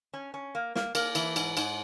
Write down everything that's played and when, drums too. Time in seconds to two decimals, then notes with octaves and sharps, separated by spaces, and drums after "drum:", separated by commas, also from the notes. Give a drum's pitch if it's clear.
0.13 C#4
0.34 C#4
0.55 A#3
0.75 A#3, drum: snare
0.95 A#3, drum: cymbal
1.15 E3, drum: cymbal
1.36 G#2, drum: cymbal
1.57 G#2, drum: cymbal